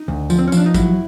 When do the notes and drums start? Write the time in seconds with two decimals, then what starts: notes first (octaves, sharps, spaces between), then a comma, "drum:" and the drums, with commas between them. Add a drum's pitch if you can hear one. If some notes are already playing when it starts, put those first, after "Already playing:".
Already playing: D#4
0.08 D2
0.30 F3, drum: tambourine
0.39 C4
0.48 C#4
0.52 F3 D4, drum: tambourine
0.66 D#4
0.74 F#3 E4, drum: kick, tambourine